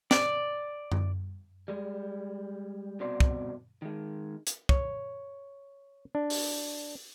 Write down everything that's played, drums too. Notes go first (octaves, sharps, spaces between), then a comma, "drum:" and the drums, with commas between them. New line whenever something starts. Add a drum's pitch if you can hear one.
D5, drum: snare
drum: tom F#2
G3 G#3
C2 B2 C4 F#4 D5 C6
drum: kick
D#3 G#3
drum: hi-hat
C#5, drum: kick
D4
drum: open hi-hat